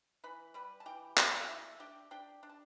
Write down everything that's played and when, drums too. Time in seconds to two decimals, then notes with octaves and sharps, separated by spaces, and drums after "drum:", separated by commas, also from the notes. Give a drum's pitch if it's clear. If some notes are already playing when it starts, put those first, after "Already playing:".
0.24 E3 B4 B5
0.54 G3 B4 B5
0.80 A5
0.86 E3 G4 G5
1.17 A3 C#4 C#5, drum: clap
1.48 A3 E4 E5
1.80 D4 G4 G5
2.11 D4 G4 G5
2.43 D4
2.49 A5